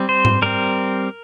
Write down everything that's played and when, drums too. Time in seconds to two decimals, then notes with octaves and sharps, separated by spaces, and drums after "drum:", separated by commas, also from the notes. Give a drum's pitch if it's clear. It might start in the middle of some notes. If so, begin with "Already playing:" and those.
Already playing: G3 C4
0.09 C5
0.25 drum: tom G#2
0.42 G3 C4 A#4